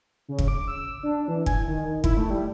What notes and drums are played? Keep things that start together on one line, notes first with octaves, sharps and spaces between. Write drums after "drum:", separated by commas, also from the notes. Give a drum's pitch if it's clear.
C#3
drum: kick
D6
E6
D4
E3
G#5, drum: kick
D#3
D#3
E4, drum: kick
A3
G3